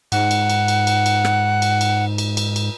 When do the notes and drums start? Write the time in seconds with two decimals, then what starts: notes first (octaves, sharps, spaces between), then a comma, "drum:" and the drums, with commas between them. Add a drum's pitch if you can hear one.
0.12 G#2 F#5, drum: cymbal
0.31 drum: cymbal
0.50 drum: cymbal
0.68 drum: cymbal
0.87 drum: cymbal
1.06 drum: cymbal
1.25 drum: rim click
1.62 drum: cymbal
1.81 drum: cymbal
2.18 drum: cymbal
2.37 drum: cymbal
2.56 drum: cymbal